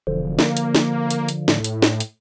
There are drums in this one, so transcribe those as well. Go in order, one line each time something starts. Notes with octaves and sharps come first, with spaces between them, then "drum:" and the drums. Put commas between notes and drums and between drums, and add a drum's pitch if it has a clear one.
E1 D3 F3
A#3, drum: snare
drum: hi-hat
drum: snare
drum: hi-hat
drum: hi-hat
A2, drum: snare
drum: hi-hat
drum: snare
drum: hi-hat